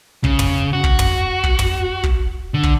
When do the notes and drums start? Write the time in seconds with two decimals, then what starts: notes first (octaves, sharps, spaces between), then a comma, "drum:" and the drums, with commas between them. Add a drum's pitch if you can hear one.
0.24 C#3, drum: kick
0.39 drum: tom
0.73 F#4
0.84 drum: kick
0.99 drum: tom
1.44 drum: kick
1.59 drum: tom
2.04 drum: kick
2.54 D3
2.64 drum: kick